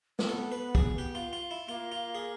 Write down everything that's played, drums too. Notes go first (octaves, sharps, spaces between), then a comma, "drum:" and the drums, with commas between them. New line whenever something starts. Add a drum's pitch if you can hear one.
C4, drum: snare
B3 A4
B4
G#4, drum: kick
G4
F4
F4
E4
A#3 F4
F4
G#4